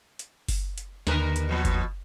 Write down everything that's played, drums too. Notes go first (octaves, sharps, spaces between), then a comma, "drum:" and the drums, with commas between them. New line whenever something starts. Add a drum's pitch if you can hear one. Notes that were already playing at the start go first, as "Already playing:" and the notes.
drum: hi-hat
drum: kick F#1, open hi-hat
drum: hi-hat
D#2 D3 A#4 B4, drum: snare
drum: hi-hat
B2 F3 B3
drum: kick F#1, hi-hat